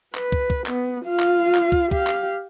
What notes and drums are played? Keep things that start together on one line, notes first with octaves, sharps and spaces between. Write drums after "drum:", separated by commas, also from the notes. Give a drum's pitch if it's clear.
B4, drum: clap
drum: kick
drum: kick
B3, drum: clap
F4 F5
drum: clap
drum: clap
drum: kick
G4 F5, drum: kick
drum: clap